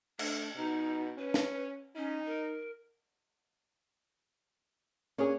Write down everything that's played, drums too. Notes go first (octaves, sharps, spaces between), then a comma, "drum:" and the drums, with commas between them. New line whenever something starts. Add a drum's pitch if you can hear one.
A3 D4, drum: cymbal
B2 D#4
C#4 B4
drum: snare
C#4 D#4
A#4
A#3 C#4 D4 G#4 C#5